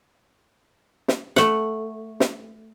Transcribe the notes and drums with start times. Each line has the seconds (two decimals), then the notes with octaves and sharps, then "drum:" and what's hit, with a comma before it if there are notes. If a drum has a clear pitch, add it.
1.08 drum: snare
1.36 A3 F#5, drum: snare
2.20 drum: snare